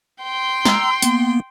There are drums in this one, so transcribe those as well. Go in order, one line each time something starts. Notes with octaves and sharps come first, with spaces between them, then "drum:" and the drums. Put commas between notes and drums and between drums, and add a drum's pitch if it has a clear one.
G5 C6
A#5 E6, drum: snare
A#3 B3, drum: hi-hat